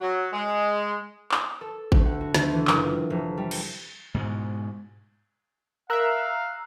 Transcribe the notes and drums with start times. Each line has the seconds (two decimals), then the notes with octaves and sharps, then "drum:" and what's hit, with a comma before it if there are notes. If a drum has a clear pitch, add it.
0.01 F#3
0.33 G#3
1.31 drum: clap
1.61 A4
1.92 D2, drum: kick G#1
2.05 F#5
2.21 F#4
2.35 D2, drum: snare
2.53 E3
2.67 F#1, drum: clap
2.84 F4
3.10 F1
3.37 G3
3.51 drum: cymbal
4.14 G#2 B2 G#3
5.90 A#4 E5 F5 A#5 E6 F#6